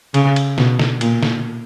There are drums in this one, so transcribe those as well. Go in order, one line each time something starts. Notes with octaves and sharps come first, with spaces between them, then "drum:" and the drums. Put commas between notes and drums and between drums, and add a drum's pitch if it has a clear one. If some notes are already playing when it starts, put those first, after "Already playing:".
C#3, drum: cymbal
drum: cymbal
B2, drum: snare
drum: snare
A#2, drum: cymbal
drum: snare